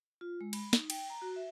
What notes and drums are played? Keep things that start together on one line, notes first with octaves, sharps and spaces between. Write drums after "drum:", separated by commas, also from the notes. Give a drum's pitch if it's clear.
F4
G#3
B5, drum: cymbal
D#4, drum: snare
G5, drum: cymbal
A#5
F#4
E5